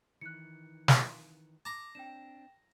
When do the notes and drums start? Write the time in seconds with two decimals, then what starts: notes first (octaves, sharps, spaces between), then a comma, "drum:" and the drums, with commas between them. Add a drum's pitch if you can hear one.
0.21 D#3 E3 F#6 C#7
0.88 drum: snare
1.65 A5 A#5 D6
1.95 C4 D4 G5 E7